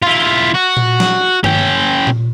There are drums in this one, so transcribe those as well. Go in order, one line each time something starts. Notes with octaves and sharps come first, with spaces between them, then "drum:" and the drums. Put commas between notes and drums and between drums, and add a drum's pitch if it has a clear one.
E4 F4
F#4
drum: tom A#2
drum: snare F#3
C#4 G5, drum: tom
drum: tom A#2